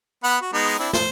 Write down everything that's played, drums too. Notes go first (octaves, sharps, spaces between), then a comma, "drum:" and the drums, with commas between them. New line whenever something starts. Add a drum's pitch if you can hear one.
B3 F#5 B5
F#4
G#3 B3 D#4
drum: open hi-hat
C4 D4 E4
C5, drum: snare